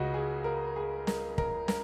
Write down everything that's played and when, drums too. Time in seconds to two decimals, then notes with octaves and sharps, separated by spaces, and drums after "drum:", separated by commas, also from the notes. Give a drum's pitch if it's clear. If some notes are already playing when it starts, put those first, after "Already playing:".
Already playing: C#2 C#3 G#3 F#4 D#5
0.14 G#4
0.44 A#4
0.76 G#4
1.07 A#4, drum: snare
1.38 A#4, drum: kick
1.68 A#4, drum: snare